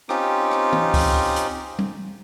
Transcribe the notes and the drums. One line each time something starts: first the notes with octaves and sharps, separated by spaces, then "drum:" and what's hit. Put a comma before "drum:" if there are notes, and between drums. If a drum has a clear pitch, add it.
C4 C#4 D#4 F4 G4, drum: rim click
drum: rim click
drum: tom
drum: kick C#2, open hi-hat
drum: hi-hat
drum: tom G3